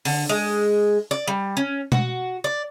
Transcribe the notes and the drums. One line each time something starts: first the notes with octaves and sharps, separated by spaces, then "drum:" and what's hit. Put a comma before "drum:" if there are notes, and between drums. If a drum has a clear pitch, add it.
D3, drum: open hi-hat
G#3
D5
G3
C#4
F#4, drum: tom B2
D5